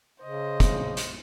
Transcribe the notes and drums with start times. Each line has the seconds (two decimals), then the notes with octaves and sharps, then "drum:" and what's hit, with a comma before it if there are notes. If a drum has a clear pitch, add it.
0.23 C#3 C5 D#5
0.60 drum: kick, hi-hat
0.97 drum: hi-hat